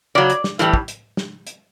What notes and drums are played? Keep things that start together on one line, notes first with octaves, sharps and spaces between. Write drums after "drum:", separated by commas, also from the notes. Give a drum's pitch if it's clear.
C#3 F#3 D5
drum: hi-hat
drum: snare
A2 E3 G3, drum: hi-hat
drum: kick
drum: hi-hat
drum: snare
drum: hi-hat